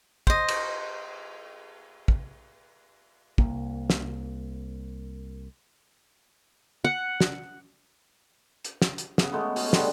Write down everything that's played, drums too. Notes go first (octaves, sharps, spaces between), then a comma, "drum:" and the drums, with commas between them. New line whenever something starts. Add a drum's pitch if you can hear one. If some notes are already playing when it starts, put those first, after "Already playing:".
C5 D#5, drum: kick
drum: cymbal
drum: kick
C2 A#3, drum: kick
drum: snare
F#5
drum: snare
drum: hi-hat
drum: snare
drum: hi-hat
C#3 B3 G#4, drum: snare
G#3 A3 B3
C#4, drum: open hi-hat
D3 G3 G#3 B3, drum: snare